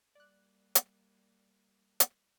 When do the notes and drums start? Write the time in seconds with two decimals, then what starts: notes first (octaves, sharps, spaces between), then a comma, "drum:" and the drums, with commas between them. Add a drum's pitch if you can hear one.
0.15 G3 A#3 D5 F#6
0.75 drum: hi-hat
2.00 drum: hi-hat